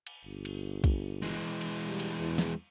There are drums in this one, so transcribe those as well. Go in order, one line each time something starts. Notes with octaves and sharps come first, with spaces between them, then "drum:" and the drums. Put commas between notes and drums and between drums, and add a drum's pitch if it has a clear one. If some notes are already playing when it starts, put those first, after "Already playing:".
drum: cymbal
G1
drum: cymbal
drum: kick, cymbal
E3 G#3
drum: cymbal
G3
drum: cymbal
E2
drum: snare